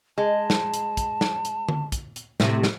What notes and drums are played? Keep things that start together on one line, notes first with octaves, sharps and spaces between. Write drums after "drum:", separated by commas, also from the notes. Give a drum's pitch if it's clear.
G#3 A5
drum: snare
drum: hi-hat
drum: kick, hi-hat
drum: snare
drum: hi-hat
drum: tom D3
drum: kick, hi-hat
drum: hi-hat
A2 C3, drum: snare
drum: snare